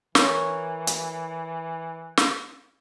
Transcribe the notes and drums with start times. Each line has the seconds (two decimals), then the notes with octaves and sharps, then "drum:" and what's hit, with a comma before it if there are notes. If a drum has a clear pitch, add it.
0.15 E3 A#4 C#5, drum: snare
0.87 drum: hi-hat
2.17 drum: snare